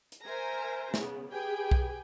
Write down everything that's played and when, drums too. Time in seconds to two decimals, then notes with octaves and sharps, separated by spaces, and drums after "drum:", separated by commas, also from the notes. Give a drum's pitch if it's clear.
0.12 drum: hi-hat
0.24 A#4 C5 E5 G#5 A#5
0.94 C#3 B3, drum: snare
1.31 G4 G#4 B4 G5 G#5
1.71 drum: kick B1